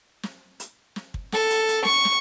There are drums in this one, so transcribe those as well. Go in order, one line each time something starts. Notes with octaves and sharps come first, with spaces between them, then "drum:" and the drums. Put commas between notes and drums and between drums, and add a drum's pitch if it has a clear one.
drum: snare
drum: hi-hat
drum: snare
drum: kick
A4, drum: snare
drum: hi-hat
drum: hi-hat
C#6, drum: snare
drum: snare